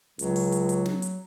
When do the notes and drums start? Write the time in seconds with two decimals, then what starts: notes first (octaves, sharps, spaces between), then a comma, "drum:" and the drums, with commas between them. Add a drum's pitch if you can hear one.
0.19 C#2 F#3, drum: hi-hat
0.36 drum: open hi-hat
0.52 drum: hi-hat
0.69 drum: hi-hat
0.86 drum: snare
1.02 drum: hi-hat